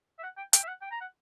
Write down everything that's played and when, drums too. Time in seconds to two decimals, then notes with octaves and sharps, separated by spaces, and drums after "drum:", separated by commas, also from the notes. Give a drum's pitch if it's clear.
0.19 E5
0.23 F#5
0.37 G5
0.53 G5, drum: hi-hat
0.63 E5
0.68 F#5
0.82 G5
0.91 A#5
1.01 F#5